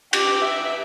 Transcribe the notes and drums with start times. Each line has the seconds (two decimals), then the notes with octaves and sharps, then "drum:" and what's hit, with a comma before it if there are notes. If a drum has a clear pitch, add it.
0.13 G4, drum: cymbal
0.42 E5